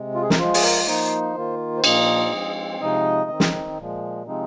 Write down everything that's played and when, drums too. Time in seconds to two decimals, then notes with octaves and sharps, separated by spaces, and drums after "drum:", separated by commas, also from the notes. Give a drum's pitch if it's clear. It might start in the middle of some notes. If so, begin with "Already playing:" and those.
Already playing: C3 G#3
0.15 F4
0.22 G#4
0.30 A#4, drum: snare
0.38 F3 G#3 F4 C5
0.54 G#4, drum: open hi-hat
0.63 A#4
0.87 F3 A#3 D#4 C5
1.35 D#3 A#3 F4
1.77 C5
1.84 A#2 F3 A#3 F4 D#5, drum: cymbal
2.32 F3 G#3 C4
2.81 C3 F3 G#3 D#4 D#5
3.30 D#3 C4 D#4
3.40 drum: snare
3.78 A#2 F3 G#3
4.26 C3 F3 G#3 C4 D#4